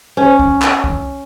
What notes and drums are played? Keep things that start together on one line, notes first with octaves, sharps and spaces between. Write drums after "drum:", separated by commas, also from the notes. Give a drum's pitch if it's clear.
C#4
drum: kick C2
drum: clap
drum: kick C2